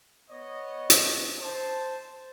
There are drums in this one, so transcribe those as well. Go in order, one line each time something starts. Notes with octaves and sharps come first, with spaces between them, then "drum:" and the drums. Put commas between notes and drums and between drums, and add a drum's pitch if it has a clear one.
B3 C#5 D#5
drum: hi-hat
C5 A5